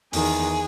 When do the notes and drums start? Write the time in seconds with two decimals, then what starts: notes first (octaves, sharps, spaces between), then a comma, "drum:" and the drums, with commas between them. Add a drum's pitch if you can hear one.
0.13 E2 D#3 G#4, drum: open hi-hat